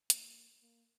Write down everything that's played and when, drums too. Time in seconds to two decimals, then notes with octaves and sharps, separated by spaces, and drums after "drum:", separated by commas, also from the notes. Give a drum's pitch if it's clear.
0.10 A#3, drum: hi-hat
0.63 A#3